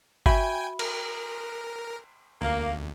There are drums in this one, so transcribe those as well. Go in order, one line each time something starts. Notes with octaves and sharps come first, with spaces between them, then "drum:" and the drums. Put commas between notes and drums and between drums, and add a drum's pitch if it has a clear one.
F#4 E5 G5 G#5 B5, drum: kick G1
A#4, drum: cymbal
D2 A#3